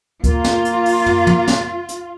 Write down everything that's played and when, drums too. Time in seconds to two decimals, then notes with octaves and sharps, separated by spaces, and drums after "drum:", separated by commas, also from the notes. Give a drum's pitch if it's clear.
0.24 A#3 F4, drum: kick D2, hi-hat
0.44 drum: snare
0.65 drum: hi-hat
0.86 drum: open hi-hat
1.06 drum: tom
1.27 drum: tom
1.48 drum: snare
1.89 drum: hi-hat